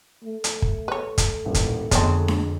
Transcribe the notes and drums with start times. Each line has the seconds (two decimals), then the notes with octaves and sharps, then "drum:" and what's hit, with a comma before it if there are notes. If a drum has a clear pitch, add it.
0.24 A3
0.44 drum: hi-hat
0.62 drum: kick
0.88 B4 C#5
1.18 drum: kick, hi-hat
1.45 D#1 A1
1.54 drum: kick, hi-hat
1.91 F2 D3 B3 C4 G#4 C#5 A5, drum: kick, hi-hat
2.28 drum: snare D4